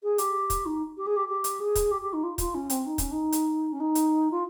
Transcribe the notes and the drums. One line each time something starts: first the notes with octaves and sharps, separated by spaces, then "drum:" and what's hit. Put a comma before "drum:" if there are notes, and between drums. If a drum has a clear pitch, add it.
G#4
G4, drum: hi-hat
drum: kick, hi-hat
D#4
G4
G#4
G4
G4
drum: hi-hat
G#4
drum: kick, hi-hat
G4
G4
D#4
F4
F4, drum: kick, hi-hat
C#4
C4, drum: hi-hat
D#4
C#4, drum: kick, hi-hat
D#4
drum: hi-hat
C#4
D#4
drum: hi-hat
F4